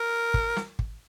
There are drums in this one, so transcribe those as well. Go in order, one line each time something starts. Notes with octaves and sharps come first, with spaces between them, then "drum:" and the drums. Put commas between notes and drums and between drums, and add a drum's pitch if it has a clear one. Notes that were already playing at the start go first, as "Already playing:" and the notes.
Already playing: A#4
drum: kick
drum: snare
drum: kick